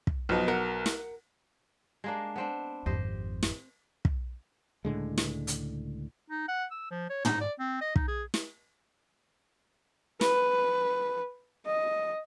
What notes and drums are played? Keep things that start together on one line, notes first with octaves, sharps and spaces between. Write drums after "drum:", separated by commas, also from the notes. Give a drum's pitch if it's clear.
drum: kick
B1 F3 B3 D#4
A#4 F#5
drum: snare
G#3 A#3 D4
B3 C4 D4
G#1 F2 G4 C5 D#5
drum: snare
drum: kick
C#2 A2 D3 G#3
drum: snare
drum: hi-hat
D#4
F#5
E6
F3
C#5
D#4, drum: tom
D5
C4
D#5
D#4, drum: kick
G#4
drum: snare
B4, drum: snare
D#5